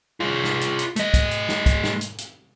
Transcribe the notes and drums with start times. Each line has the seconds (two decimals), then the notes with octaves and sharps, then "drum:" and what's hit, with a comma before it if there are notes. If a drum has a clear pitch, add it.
0.20 F4 G#4
0.44 drum: snare
0.61 drum: hi-hat
0.79 drum: hi-hat
0.96 A3 D#5, drum: hi-hat
1.14 drum: kick, hi-hat
1.31 drum: hi-hat
1.49 drum: snare
1.66 drum: kick, hi-hat
1.83 drum: snare
2.01 drum: hi-hat
2.18 drum: hi-hat